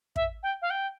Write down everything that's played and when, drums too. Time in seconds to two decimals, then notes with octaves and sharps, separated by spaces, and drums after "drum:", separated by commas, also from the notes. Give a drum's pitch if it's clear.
0.16 E5, drum: kick
0.43 G5
0.62 F5
0.70 G5